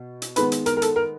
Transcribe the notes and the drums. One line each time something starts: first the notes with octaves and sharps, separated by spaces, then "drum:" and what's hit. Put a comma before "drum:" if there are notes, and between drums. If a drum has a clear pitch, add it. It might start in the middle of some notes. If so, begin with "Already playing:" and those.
Already playing: B2
drum: hi-hat
D#3 G#3 B3 B4, drum: hi-hat
drum: hi-hat
A#4, drum: hi-hat
A#4
A4, drum: hi-hat
A#4